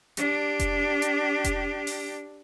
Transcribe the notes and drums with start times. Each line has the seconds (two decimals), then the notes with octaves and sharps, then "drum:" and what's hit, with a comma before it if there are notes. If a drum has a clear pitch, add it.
0.17 D4 G4, drum: hi-hat
0.60 drum: kick F1, hi-hat
1.02 drum: hi-hat
1.44 drum: kick F1, hi-hat
1.87 drum: open hi-hat